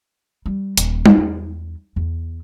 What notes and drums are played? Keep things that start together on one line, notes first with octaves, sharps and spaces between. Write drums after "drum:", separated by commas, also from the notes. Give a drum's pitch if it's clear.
G3
D#1, drum: hi-hat
drum: tom G3
E2
E2